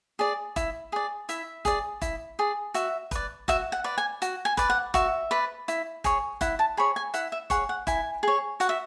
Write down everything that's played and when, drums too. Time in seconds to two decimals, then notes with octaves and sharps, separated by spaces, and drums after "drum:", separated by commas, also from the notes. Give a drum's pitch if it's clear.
0.19 G#4 D5
0.56 E4, drum: kick F1, hi-hat
0.92 G#4 D5
1.29 E4 E5, drum: hi-hat
1.65 G#4 D5, drum: kick F1, hi-hat
2.01 E4, drum: kick F1, hi-hat
2.39 G#4 D5
2.74 F#4 E5, drum: hi-hat
3.11 B4 D5, drum: kick F1, hi-hat
3.48 F#4 E5, drum: kick F1, hi-hat
3.72 F#5
3.84 B4 D5
3.98 G#5
4.22 F#4, drum: hi-hat
4.45 G#5
4.57 B4 D5, drum: kick F1, hi-hat
4.70 F#5
4.94 F#4 E5, drum: kick F1, hi-hat
5.31 B4 D5
5.68 E4, drum: hi-hat
6.04 G#4 C#5, drum: kick F1, hi-hat
6.41 E4 F#5, drum: kick F1, hi-hat
6.59 A5
6.77 G#4 C#5 B5
6.96 G#5
7.14 E4 F#5, drum: hi-hat
7.32 E5
7.50 G#4 C#5 F#5, drum: kick F1, hi-hat
7.69 F#5
7.87 E4 G#5, drum: kick F1, hi-hat
8.23 G#4 C#5
8.60 F#4 F#5, drum: hi-hat
8.69 E5